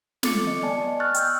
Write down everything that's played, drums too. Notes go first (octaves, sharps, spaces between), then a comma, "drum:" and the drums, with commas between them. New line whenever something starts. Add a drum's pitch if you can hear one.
C4 F4 A4 D6 A6 C#7, drum: snare
D#5
B3 D5 G#5 A5
D#5
C#6 F6 F#6 A6
G5 E6 G6, drum: hi-hat